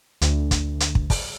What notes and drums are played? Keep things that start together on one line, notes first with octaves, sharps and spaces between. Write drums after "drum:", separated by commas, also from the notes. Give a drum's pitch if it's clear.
D2, drum: hi-hat
drum: kick, hi-hat
drum: hi-hat
drum: kick
drum: kick, open hi-hat